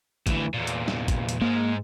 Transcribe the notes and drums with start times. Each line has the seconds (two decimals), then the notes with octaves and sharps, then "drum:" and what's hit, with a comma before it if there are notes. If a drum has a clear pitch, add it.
0.27 D2 E3, drum: kick, hi-hat
0.54 E2 A#2
0.67 drum: hi-hat
0.88 drum: snare
1.08 drum: kick, hi-hat
1.29 drum: hi-hat
1.42 G#2 G#3 A#3